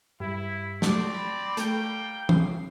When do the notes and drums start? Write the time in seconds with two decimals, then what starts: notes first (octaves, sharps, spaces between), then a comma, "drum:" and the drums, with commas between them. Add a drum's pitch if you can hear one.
0.20 G2 E4
0.82 A3 C4 D5, drum: snare
1.14 B5
1.57 G3 A3 A#3 G5, drum: hi-hat
2.29 C7, drum: tom